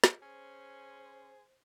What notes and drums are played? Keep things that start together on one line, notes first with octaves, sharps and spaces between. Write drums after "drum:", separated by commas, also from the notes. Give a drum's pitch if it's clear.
drum: snare
C#4 G#4 C5